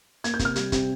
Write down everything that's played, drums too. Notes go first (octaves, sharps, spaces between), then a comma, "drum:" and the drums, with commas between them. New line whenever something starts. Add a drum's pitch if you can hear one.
A#3 G#6, drum: hi-hat
G6
C3, drum: kick, hi-hat
F6
G3, drum: hi-hat
C3, drum: kick, hi-hat